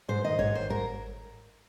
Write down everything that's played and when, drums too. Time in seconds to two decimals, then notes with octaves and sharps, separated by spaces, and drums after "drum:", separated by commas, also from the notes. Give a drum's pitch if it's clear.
0.08 G#2 C5
0.24 D#3 D#5
0.39 G#2 C#5, drum: kick G#1
0.55 D#3 C5
0.70 G#2 A#4, drum: kick G#1